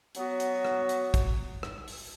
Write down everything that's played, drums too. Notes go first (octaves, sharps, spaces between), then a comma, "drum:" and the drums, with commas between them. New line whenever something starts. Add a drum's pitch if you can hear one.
F#3 B3 F#4, drum: hi-hat
drum: hi-hat
drum: rim click
drum: hi-hat
drum: kick, hi-hat
drum: rim click
drum: open hi-hat